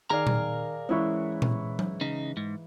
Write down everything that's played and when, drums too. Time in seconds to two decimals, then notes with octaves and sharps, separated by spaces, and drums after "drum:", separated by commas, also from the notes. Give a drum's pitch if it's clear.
0.10 D#3 G#4 A#4 D5 F5 A#5
0.27 drum: tom A#2
0.89 G#2 E3 C#4 E4 C#6
1.42 drum: tom A#2
1.79 drum: tom F#3
2.01 C#3 D#4
2.37 G#2